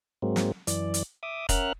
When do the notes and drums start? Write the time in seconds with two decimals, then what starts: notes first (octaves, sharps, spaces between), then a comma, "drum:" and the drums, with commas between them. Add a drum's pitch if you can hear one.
0.22 G#2 F#3 G#3 A#3 C4
0.36 drum: snare
0.67 F#2 E3 D5, drum: hi-hat
0.94 drum: hi-hat
1.23 E5 D6 D#6
1.49 C#4 A#4 E5 F#5 F6 F#6, drum: kick, hi-hat